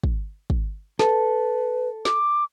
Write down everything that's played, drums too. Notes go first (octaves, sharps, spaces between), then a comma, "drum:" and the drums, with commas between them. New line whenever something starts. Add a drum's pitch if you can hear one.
drum: kick
drum: kick
A4 B4, drum: snare
D6, drum: snare